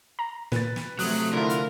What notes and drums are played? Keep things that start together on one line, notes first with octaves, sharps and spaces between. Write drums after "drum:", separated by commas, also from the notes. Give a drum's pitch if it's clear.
A#5
A#2 B4 A6, drum: snare
drum: snare
C3 F3 F#3 A3 D#6 F#6, drum: open hi-hat
D3 E4 F4 A#4
drum: hi-hat